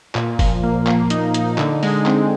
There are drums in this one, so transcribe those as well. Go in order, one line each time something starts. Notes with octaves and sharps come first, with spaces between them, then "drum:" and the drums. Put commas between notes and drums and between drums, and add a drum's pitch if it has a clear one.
A#2, drum: clap
F3, drum: kick F#1, open hi-hat
A#3
A#3, drum: clap
D#4, drum: hi-hat
D#4, drum: hi-hat
D3, drum: clap
G#3, drum: open hi-hat
C4, drum: clap